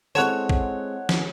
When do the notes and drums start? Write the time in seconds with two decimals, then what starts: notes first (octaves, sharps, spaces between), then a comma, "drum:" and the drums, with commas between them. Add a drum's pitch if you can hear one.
0.15 G#3 C4 E4 A4 C#5 F#5 A5 F#6
0.49 drum: kick
1.09 drum: snare